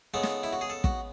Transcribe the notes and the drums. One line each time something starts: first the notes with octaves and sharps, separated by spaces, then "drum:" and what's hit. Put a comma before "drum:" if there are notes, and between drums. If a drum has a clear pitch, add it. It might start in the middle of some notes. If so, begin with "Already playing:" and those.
C#3 G#3 B3 A4
drum: snare
E4
F#4
G#4
A4
F#4, drum: kick